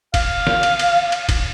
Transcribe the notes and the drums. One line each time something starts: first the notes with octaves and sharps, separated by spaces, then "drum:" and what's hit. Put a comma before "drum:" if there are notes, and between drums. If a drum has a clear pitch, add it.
F5, drum: kick, cymbal
drum: snare
drum: cymbal
drum: cymbal
drum: cymbal
drum: kick, cymbal